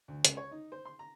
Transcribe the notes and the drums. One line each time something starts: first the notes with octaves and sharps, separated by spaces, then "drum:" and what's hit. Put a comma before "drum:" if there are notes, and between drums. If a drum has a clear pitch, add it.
D2
C#2, drum: hi-hat
C#5
D#4
C5
C6
A#5